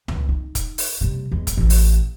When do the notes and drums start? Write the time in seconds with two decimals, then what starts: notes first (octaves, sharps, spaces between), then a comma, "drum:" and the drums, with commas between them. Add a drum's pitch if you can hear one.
0.08 C#2, drum: tom C#2
0.29 D#4
0.55 drum: kick, hi-hat
0.78 drum: open hi-hat
1.01 C3 G3
1.32 E2 G#3
1.47 drum: kick, hi-hat
1.57 A1 A3
1.70 drum: open hi-hat